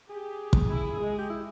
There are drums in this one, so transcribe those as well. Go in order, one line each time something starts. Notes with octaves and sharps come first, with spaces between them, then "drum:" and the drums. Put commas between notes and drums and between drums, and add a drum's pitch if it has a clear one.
G4 G#4
drum: kick
E4
G#3
G4
E4